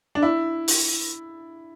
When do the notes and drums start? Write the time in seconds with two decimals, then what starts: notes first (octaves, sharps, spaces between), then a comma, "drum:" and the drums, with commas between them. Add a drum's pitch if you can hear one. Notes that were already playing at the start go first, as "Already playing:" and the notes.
0.15 D4
0.23 E4
0.68 drum: open hi-hat